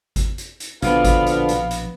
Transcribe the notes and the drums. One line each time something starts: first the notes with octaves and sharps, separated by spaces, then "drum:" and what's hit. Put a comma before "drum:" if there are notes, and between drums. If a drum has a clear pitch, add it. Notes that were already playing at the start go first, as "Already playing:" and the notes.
drum: kick G#1, hi-hat
drum: hi-hat
drum: hi-hat
A#1 B2 D3 F3 B3 F5, drum: hi-hat
drum: kick G#1, hi-hat
drum: hi-hat
drum: hi-hat
drum: hi-hat